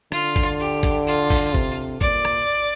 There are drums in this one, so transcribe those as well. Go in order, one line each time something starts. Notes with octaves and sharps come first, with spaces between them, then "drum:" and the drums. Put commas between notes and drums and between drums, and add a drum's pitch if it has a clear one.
D3 F4, drum: rim click
drum: kick G#1, hi-hat
G4
drum: kick G#1, hi-hat
F4
drum: kick G#1, open hi-hat
C3, drum: kick G#1
A#2 D5, drum: kick G#1
drum: rim click